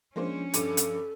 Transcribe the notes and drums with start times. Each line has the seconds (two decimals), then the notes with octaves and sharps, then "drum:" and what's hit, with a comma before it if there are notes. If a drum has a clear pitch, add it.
0.16 F3 G#3 A#3 C#4 D4 C5
0.54 G2 A4 D6 D#7, drum: hi-hat
0.77 drum: hi-hat